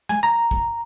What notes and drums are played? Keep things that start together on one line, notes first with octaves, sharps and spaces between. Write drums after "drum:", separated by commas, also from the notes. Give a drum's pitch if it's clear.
G#5, drum: tom
A#5
drum: kick